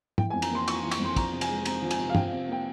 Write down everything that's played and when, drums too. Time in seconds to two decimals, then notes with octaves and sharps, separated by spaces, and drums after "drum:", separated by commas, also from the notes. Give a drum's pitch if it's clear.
0.18 E3 G5, drum: tom
0.30 G#5
0.34 F2
0.42 A#5, drum: cymbal
0.50 A#3 C6
0.68 F4 C#6, drum: cymbal
0.84 E3
0.91 C#6, drum: cymbal
1.00 F2 C6
1.16 F3 A#5, drum: kick, cymbal
1.33 C3
1.41 G#5, drum: cymbal
1.49 G#3
1.65 C4 A#5, drum: cymbal
1.82 F3
1.91 G#5, drum: cymbal
1.99 C3
2.09 F5
2.15 F3 G5, drum: tom
2.27 F5
2.32 C3
2.49 A#3 G5